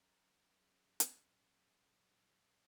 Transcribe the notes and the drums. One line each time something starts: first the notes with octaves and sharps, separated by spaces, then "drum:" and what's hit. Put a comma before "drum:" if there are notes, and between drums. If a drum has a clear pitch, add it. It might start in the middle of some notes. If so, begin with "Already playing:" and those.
Already playing: F#3 C#4 A#5
F#3 C#4 G#4
drum: hi-hat
A#2 F#3 C#4
A#2 F#3 C#4